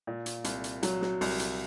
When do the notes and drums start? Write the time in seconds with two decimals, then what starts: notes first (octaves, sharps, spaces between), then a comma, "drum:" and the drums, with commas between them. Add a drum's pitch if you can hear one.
0.07 A#2
0.26 drum: hi-hat
0.44 C2, drum: hi-hat
0.64 drum: hi-hat
0.83 F#3, drum: hi-hat
1.02 drum: snare
1.21 C2, drum: open hi-hat
1.39 drum: hi-hat